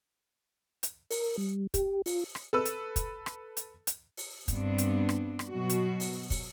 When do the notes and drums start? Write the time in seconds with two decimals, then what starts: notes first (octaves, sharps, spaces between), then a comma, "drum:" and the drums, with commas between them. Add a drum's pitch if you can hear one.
0.83 drum: hi-hat
1.11 A#4, drum: open hi-hat
1.38 G3
1.74 G4, drum: kick, hi-hat
2.06 F4, drum: open hi-hat
2.35 drum: rim click
2.53 A4 B4 E6
2.65 drum: hi-hat
2.96 drum: kick, hi-hat
3.26 drum: rim click
3.57 drum: hi-hat
3.87 drum: hi-hat
4.17 drum: open hi-hat
4.48 G2 B3 C4 D4, drum: kick, hi-hat
4.78 drum: hi-hat
5.09 drum: rim click
5.39 drum: rim click
5.49 B2 F#3 F#4
5.69 drum: hi-hat
6.00 drum: open hi-hat
6.30 drum: kick, open hi-hat